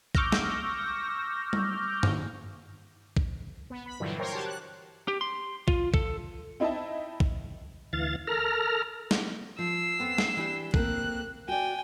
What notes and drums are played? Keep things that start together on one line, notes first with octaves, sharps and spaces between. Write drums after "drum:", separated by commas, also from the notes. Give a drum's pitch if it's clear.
C#6 D6 E6 F6 G6 A#6, drum: kick A#1
drum: snare
drum: tom G3
drum: tom
drum: kick A#1
B3
B5
G2 A#2 D3 E3 F#3 G3
A#4 C5 C#5 G5 A#5 C6
F#4 G4 A#4 C#5 A5
F#6
G4
C6
F4, drum: kick A#1
A4, drum: kick A#1
C4 D#4 E4 D#5 E5 A5
drum: kick A#1
D2 E3 F5 A6
A4 A#4 A#5 F6
drum: snare
F3 E6 C7
F2 B3 C4
drum: snare
E3 D4 G4
A3 A#3 C4 F#6, drum: kick A#1
F#4 D5 G5 G#5